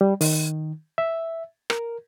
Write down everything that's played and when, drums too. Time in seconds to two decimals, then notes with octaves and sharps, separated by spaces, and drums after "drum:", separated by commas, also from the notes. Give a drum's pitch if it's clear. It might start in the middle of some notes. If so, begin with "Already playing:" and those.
0.01 G3
0.21 D#3, drum: open hi-hat
0.98 E5
1.70 A#4, drum: rim click